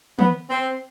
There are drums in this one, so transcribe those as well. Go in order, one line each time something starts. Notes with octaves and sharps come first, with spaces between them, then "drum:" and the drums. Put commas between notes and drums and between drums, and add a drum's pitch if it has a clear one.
B3, drum: tom
C4